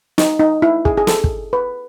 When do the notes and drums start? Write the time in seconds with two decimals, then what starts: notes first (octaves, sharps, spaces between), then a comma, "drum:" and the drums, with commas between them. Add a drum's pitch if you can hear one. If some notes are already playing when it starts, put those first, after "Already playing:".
0.18 D#4, drum: snare
0.40 D#4
0.62 E4
0.85 G#4, drum: kick
0.97 G#4
1.07 A4, drum: snare
1.24 drum: kick
1.53 B4